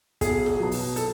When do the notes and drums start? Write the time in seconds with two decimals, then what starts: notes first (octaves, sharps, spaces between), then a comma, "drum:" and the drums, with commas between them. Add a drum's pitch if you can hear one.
0.21 B1 G#4, drum: kick, hi-hat
0.46 drum: snare F4
0.59 B2 F#3
0.71 drum: open hi-hat
0.96 A4, drum: hi-hat